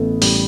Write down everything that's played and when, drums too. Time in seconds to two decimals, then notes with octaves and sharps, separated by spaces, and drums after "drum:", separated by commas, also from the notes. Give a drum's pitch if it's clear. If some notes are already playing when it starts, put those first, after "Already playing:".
Already playing: A1 E3 A3 B3
0.22 A1 G3, drum: open hi-hat